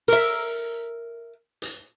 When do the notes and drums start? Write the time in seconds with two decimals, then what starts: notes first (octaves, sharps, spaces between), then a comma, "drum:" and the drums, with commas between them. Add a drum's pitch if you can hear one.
0.08 A#4 E5, drum: open hi-hat
1.62 drum: hi-hat